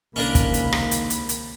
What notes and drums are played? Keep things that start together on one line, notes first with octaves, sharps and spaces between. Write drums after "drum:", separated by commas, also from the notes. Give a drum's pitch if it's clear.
C#2 C3 D#3 A#3 C#4 D4 A#4 B5
drum: kick, hi-hat
drum: hi-hat
drum: rim click
drum: hi-hat
drum: hi-hat
drum: hi-hat